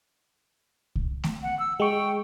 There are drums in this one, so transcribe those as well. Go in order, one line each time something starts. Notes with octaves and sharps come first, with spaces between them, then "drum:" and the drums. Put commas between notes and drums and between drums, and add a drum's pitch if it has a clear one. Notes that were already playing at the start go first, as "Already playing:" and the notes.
drum: kick C2
drum: snare A3
F#5
E6
G#3 G5 C#6